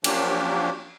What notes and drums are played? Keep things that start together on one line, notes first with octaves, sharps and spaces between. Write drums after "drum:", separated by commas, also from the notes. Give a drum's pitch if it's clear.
F3 F#3 A#3 C#4 D4 G4, drum: cymbal